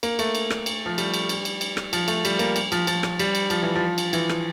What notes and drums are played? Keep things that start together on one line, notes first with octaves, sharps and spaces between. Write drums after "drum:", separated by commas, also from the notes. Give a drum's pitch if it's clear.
A#3, drum: cymbal
A3, drum: cymbal
drum: cymbal
drum: rim click
drum: cymbal
F3
G3, drum: cymbal
drum: cymbal
drum: cymbal
drum: cymbal
drum: cymbal
drum: rim click
F3, drum: cymbal
A3, drum: cymbal
G3, drum: cymbal
A#3, drum: cymbal
drum: cymbal
F3, drum: cymbal
F3, drum: cymbal
drum: rim click
G3, drum: cymbal
drum: cymbal
F3, drum: cymbal
E3
F3
drum: cymbal
E3, drum: cymbal
drum: rim click